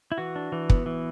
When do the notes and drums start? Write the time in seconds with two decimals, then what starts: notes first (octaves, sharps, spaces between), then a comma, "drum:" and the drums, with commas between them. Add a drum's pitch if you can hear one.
0.12 E4
0.18 E3 F#4
0.36 D4
0.52 E3
0.70 B3, drum: kick
0.86 E3